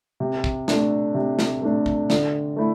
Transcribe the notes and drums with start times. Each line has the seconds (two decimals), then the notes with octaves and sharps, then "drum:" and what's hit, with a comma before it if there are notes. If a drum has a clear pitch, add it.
0.20 C3
0.44 drum: kick
0.68 A3 D4, drum: snare
1.15 C3
1.39 drum: snare
1.62 A3 D4
1.86 drum: kick
2.10 D3, drum: snare
2.56 A3 E4